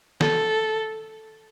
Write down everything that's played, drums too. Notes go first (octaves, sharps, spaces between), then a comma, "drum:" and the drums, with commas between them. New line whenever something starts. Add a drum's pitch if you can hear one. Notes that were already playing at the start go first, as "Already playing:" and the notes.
A4, drum: snare